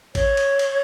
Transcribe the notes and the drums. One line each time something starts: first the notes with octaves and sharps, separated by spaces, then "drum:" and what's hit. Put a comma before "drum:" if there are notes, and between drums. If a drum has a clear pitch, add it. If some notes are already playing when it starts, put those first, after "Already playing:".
C#5, drum: kick, cymbal
drum: cymbal
drum: cymbal